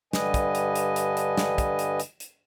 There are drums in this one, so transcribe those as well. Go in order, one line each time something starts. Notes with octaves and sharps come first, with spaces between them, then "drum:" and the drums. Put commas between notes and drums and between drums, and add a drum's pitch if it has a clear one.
G2 D3 G3 B4 D#5 G#5, drum: snare
drum: kick, hi-hat
drum: hi-hat
drum: hi-hat
drum: hi-hat
drum: hi-hat
drum: snare
drum: kick, hi-hat
drum: hi-hat
drum: hi-hat
drum: hi-hat